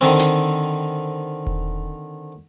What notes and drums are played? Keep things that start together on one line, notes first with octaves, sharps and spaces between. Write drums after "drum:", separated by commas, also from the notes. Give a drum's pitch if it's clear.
D3 D#3 C4
drum: snare
drum: kick E1